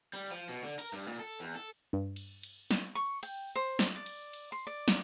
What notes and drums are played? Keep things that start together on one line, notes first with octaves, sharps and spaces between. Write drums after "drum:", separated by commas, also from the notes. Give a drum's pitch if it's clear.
G3
F3
B2
D3
A#4, drum: cymbal
G2
A#2
A4
E2
A4
G2
drum: cymbal
drum: cymbal
drum: snare
C#6
G5, drum: cymbal
C5
drum: snare
D5
drum: cymbal
drum: cymbal
C6
D5
drum: snare